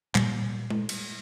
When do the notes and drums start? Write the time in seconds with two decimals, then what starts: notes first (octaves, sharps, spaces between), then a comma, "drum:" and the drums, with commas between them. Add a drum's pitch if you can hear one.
0.15 A#2 G3, drum: clap
0.70 drum: tom G#3
0.89 drum: cymbal